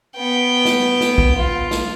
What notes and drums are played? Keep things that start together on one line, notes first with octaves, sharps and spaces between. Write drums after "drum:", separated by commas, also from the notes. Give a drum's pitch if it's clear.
B3 G5
drum: snare
drum: snare
drum: kick
F4
drum: snare